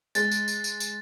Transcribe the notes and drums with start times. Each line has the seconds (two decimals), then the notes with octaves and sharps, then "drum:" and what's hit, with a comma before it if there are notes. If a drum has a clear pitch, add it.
0.15 G#3 A6, drum: tambourine
0.31 drum: tambourine
0.48 drum: tambourine
0.64 drum: tambourine
0.80 drum: tambourine